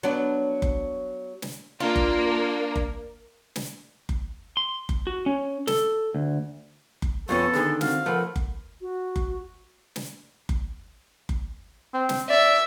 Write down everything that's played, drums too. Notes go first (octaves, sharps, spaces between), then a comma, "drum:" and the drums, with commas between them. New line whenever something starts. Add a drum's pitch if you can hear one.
F#3 B3 D4
drum: kick F#1
drum: snare
A#3 D4 F4
drum: kick F#1
drum: kick F#1
drum: snare
drum: kick F#1
C6
drum: kick F#1
F#4
C#4
A4, drum: snare
D2
drum: kick F#1
F2 F3 B3 C#4 A4 C#6
D3 D#3 G#4
C4 F#4 F5, drum: snare
F3 A3 A#4 B4 F#5
drum: kick F#1
F#4
drum: kick F#1
drum: snare
drum: kick F#1
drum: kick F#1
C4
drum: snare
D5 E5